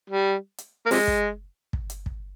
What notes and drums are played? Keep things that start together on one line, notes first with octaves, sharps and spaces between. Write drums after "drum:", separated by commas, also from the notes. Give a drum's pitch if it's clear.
G3
drum: hi-hat
A#3
C3 F3 G#3, drum: open hi-hat
drum: kick
drum: kick
drum: hi-hat
drum: kick